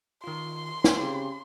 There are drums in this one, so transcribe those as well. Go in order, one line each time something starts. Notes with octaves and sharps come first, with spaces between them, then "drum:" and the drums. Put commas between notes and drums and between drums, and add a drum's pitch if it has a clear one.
D#3 F4 C6
drum: snare
C#3 C4 G4